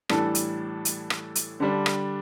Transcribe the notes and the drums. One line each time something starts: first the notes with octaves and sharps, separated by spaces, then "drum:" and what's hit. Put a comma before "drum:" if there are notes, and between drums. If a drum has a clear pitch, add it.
A2 E3 G3 D4 A4, drum: rim click
drum: hi-hat
drum: hi-hat
drum: rim click
drum: hi-hat
D3 G3 D4
drum: rim click